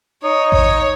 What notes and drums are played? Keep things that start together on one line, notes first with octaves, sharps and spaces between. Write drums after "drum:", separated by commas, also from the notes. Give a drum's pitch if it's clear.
D#4 C#5
C#5, drum: kick A1